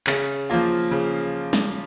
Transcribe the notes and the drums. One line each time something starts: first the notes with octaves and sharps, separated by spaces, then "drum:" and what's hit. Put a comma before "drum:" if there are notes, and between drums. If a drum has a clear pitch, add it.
C#3, drum: clap
F3 A#3 F4
C#3
drum: snare